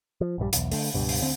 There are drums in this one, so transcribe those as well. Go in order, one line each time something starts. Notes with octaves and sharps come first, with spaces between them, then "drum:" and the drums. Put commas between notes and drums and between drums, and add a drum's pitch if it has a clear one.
F3
A#1 G2 D3 G3
B1 E2, drum: hi-hat
D3 A3, drum: open hi-hat
C#2 G2 B2
drum: open hi-hat
D2 D3 C4